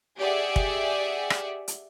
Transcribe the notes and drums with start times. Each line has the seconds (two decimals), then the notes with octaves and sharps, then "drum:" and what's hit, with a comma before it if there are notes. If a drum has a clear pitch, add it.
0.18 G4 G#4 D5 E5 F#5 G#5
0.56 drum: kick
1.30 drum: rim click
1.68 drum: hi-hat